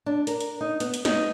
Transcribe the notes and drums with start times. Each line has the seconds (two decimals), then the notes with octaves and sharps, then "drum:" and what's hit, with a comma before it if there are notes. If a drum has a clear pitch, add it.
0.06 D4
0.27 A#4, drum: hi-hat
0.40 drum: hi-hat
0.61 D#4
0.80 B3, drum: hi-hat
0.94 drum: hi-hat
1.05 D#4, drum: snare